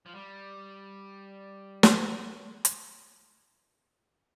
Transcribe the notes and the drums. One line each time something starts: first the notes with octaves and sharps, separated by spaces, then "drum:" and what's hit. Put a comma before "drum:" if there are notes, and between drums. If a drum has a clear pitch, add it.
F3
G3
drum: snare
drum: hi-hat